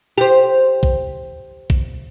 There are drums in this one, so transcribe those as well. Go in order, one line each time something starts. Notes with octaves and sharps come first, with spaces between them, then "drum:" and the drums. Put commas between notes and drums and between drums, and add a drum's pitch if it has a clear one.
G4 C5
drum: kick A#1
drum: kick A#1